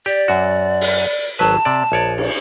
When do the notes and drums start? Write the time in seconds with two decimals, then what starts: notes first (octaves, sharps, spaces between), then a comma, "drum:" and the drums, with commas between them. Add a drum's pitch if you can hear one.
0.06 G4 D5
0.28 F#2 F#4
0.81 drum: open hi-hat
1.39 G#1 F#3 B4 A5
1.65 C3 D5
1.92 A#1 C#5 D5
2.18 drum: cymbal